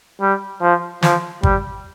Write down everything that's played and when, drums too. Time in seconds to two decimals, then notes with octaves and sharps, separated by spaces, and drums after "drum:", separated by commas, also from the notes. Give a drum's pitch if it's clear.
0.21 G3
0.61 F3
1.02 F3, drum: snare
1.43 G3, drum: kick